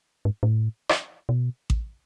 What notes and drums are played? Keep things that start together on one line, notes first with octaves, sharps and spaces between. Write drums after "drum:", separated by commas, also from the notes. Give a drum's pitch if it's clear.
G#2
A2
drum: rim click
B2
drum: kick A1